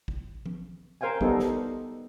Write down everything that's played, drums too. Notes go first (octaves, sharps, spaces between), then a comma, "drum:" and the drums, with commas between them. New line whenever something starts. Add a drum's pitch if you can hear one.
drum: kick
drum: tom F3
A#4 C5 F5 G5 G#5
G3 B3 D#4 A4, drum: kick
drum: snare